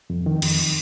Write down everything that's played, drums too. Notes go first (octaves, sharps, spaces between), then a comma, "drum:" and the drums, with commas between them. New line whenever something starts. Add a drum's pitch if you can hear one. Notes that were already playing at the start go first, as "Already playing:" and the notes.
F2
D#3
F2, drum: cymbal